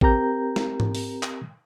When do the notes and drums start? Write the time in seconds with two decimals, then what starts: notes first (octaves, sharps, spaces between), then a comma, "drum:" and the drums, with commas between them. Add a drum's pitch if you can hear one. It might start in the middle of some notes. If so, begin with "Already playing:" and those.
0.01 C4 G4 A#4 A#5 G6, drum: kick A1
0.56 drum: snare
0.80 drum: tom G#2
0.95 drum: open hi-hat
1.23 drum: clap